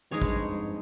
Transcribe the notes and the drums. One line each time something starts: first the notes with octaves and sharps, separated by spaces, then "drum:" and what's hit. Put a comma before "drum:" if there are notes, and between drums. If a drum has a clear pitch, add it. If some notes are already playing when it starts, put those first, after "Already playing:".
F2 G#3 D#4 G#4 C#5
G2, drum: kick
F2
G#2